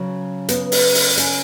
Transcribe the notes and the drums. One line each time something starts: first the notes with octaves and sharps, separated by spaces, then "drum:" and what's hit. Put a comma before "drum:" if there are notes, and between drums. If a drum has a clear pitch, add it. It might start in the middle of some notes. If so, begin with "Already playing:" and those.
Already playing: C#3 F#3
B3, drum: hi-hat
drum: open hi-hat
drum: open hi-hat
C#4, drum: hi-hat